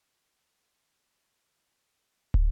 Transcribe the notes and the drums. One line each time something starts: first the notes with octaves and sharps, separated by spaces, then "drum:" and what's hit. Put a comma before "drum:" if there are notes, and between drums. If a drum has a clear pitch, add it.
G#6
F#5
drum: kick